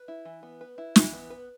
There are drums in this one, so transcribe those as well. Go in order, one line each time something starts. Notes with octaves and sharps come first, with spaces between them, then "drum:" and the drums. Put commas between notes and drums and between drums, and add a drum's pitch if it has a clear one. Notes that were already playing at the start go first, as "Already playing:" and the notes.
Already playing: B4
E4
E3
B3
B4
E4
E3, drum: snare
B3
B4